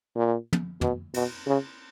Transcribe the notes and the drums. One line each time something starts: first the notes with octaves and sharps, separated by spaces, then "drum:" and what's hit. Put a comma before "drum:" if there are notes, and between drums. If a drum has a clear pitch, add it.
A#2
drum: tom
B2, drum: tom
B2, drum: cymbal
C#3